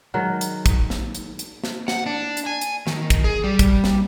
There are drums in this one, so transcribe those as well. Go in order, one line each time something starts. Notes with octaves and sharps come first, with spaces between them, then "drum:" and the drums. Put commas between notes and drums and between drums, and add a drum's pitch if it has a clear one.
D#3 F#3 G#3 F#5
drum: hi-hat
drum: kick, hi-hat
drum: snare
drum: hi-hat
drum: hi-hat
drum: snare
F#5, drum: snare
D4
drum: hi-hat
G#5
drum: hi-hat
D#3, drum: snare
drum: kick, hi-hat
G#4
G3
drum: kick, hi-hat
drum: snare